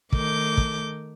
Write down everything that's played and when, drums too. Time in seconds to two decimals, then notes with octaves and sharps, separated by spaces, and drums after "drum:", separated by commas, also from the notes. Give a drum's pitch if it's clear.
0.12 D#3 A3 D6 G6, drum: kick
0.57 drum: kick